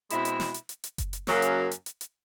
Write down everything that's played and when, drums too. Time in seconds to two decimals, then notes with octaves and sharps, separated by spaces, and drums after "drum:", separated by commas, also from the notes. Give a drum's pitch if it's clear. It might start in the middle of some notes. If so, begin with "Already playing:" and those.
0.10 B2 G#3 C4 E4, drum: hi-hat
0.25 drum: hi-hat
0.40 drum: snare
0.54 drum: hi-hat
0.69 drum: hi-hat
0.84 drum: hi-hat
0.98 drum: kick F#1, hi-hat
1.13 drum: hi-hat
1.27 F#2 C#3 F#3 A#3 C#4, drum: snare
1.42 drum: hi-hat
1.71 drum: hi-hat
1.86 drum: hi-hat
2.01 drum: hi-hat